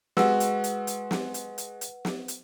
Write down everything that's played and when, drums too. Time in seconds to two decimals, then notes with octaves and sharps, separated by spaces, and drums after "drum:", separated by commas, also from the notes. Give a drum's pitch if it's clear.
0.17 G#3 F#4 B4 F#5 E6, drum: snare
0.40 drum: hi-hat
0.64 drum: hi-hat
0.87 drum: hi-hat
1.11 drum: snare
1.34 drum: hi-hat
1.58 drum: hi-hat
1.81 drum: hi-hat
2.05 drum: snare
2.28 drum: hi-hat